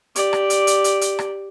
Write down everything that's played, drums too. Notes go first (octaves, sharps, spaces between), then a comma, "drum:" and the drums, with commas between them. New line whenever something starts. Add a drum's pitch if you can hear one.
G4 D5, drum: hi-hat
drum: rim click
drum: hi-hat
drum: hi-hat
drum: hi-hat
drum: hi-hat
drum: rim click